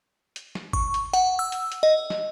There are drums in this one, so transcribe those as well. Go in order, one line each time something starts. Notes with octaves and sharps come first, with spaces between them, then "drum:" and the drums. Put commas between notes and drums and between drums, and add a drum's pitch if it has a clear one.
drum: hi-hat
drum: snare
C#6, drum: kick
drum: hi-hat
F#5, drum: hi-hat
E6
drum: hi-hat
drum: hi-hat
D#5
drum: snare